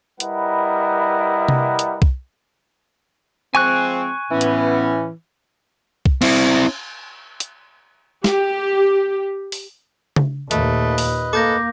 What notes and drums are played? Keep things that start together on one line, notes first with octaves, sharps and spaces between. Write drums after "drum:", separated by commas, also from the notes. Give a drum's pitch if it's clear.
G3 E4 A#4 B4 D#5 F#5, drum: hi-hat
drum: tom C3
drum: hi-hat
drum: kick
F3 G#3 C4 G#5 C#6 F#6
A2 E3 B3 C#4
drum: hi-hat
drum: kick
C4 E4, drum: cymbal
drum: hi-hat
G4, drum: snare
drum: open hi-hat
drum: tom C#3
D#2 A#2 A3 B4 D#5, drum: hi-hat
drum: open hi-hat
A#3 A4 D6 G6 A#6